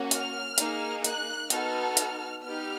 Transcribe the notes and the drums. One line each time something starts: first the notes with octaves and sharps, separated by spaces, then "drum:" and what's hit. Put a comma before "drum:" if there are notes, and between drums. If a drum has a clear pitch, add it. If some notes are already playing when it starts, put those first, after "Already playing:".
Already playing: A#3 C#4 F#4
F6, drum: hi-hat
A#3 D#4 G#4, drum: hi-hat
F#6, drum: hi-hat
B3 D#4 F#4 A4 F6, drum: hi-hat
drum: hi-hat
B3 D#4 G4 F6